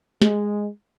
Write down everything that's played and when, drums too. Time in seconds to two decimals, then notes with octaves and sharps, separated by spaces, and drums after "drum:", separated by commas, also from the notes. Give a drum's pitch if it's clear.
0.22 G#3, drum: snare